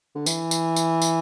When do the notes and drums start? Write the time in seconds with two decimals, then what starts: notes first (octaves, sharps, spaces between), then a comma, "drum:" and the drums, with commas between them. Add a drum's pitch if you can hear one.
0.15 D3
0.26 E3, drum: tambourine
0.51 drum: tambourine
0.76 drum: tambourine
1.02 drum: tambourine